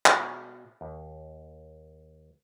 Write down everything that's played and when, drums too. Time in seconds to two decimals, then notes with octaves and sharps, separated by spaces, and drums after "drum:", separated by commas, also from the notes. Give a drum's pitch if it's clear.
0.06 B2, drum: clap
0.81 D#2